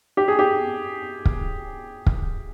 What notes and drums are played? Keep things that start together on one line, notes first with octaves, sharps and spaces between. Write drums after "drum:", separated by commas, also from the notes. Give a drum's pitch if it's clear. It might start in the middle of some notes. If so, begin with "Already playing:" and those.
G4
G#4
G4
drum: kick
drum: kick